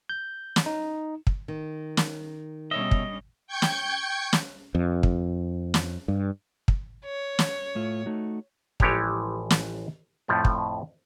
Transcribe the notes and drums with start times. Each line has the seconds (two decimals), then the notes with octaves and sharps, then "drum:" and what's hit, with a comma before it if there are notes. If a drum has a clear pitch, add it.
0.09 G6
0.56 drum: snare
0.66 D#4
1.27 drum: kick
1.48 D#3
1.97 drum: snare
2.71 B2 G3 C#4 C#5 D#5 E5
2.91 drum: kick
3.47 G5 C#6 G6 G#6 C#7
3.62 drum: snare
4.33 drum: snare
4.75 F2
5.03 drum: kick
5.74 drum: snare
6.08 G2
6.68 drum: kick
7.05 C#5
7.39 drum: snare
7.75 A2 A3 F4
8.06 A3 D#4 F#4
8.80 A1 E3 F3 G#3 G4 C#5, drum: kick
9.50 drum: snare
10.28 F2 A2 F3 A3
10.45 drum: kick